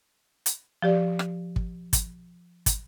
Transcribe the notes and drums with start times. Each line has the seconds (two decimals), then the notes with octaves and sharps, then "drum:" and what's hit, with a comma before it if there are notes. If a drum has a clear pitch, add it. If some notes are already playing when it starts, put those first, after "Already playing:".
0.46 drum: hi-hat
0.82 F3 G4 D5
1.19 drum: rim click
1.56 drum: kick
1.93 drum: kick, hi-hat
2.66 drum: kick, hi-hat